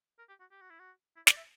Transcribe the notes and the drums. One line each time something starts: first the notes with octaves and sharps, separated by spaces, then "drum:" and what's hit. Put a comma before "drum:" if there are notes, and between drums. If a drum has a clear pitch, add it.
A#4
G4
F#4
G4
F#4
E4
F#4
E4
D5, drum: snare
E5